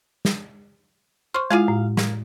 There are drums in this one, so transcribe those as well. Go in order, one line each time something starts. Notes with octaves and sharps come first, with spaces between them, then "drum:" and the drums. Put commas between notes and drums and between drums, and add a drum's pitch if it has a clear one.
drum: snare
C5 C#6 F6
G#3 E4 F4 G#4 F5
A2
A#3, drum: snare